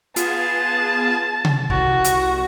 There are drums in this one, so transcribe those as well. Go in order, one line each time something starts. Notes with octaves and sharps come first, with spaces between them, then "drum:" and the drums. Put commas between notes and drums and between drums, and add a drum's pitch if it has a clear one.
B3 F4 G#4 A5, drum: hi-hat
drum: tom C3
C2 F#4, drum: kick
drum: hi-hat